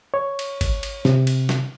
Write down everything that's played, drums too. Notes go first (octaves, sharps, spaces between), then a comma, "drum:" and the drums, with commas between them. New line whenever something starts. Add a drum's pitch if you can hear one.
C#5
drum: cymbal
drum: kick G#1, cymbal
drum: cymbal
C3, drum: snare
drum: cymbal
drum: snare